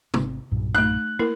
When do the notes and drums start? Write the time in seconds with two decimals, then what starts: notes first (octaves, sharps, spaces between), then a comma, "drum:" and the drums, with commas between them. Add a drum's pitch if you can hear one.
0.14 G#1 D#3 C4, drum: tom
0.51 B1 G2 A#2
0.75 A3 D#4 F#6
1.19 A#3 E4 A#4